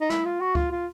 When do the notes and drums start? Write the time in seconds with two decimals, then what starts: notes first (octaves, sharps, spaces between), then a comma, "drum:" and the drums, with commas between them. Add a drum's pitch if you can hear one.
0.01 D#4
0.10 E4, drum: snare
0.25 F4
0.41 F#4
0.55 F4, drum: kick C#2
0.71 F4